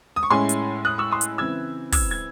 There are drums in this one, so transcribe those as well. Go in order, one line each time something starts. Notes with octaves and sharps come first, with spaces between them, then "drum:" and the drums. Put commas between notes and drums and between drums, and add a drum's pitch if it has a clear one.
D#6
C#6
A2 G#3 C#4 E4 G#5 C6
drum: hi-hat
D#6 F#6
C#6 E6
C6 D#6
drum: hi-hat
C#3 E3 C4 E4 E6 G#6
E6 G#6, drum: kick, open hi-hat
G#6